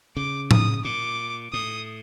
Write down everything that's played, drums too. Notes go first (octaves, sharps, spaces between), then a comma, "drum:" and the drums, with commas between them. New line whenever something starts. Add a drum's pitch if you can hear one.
C#3 D6
D#6, drum: tom A2
A#2 D6
A2 D#6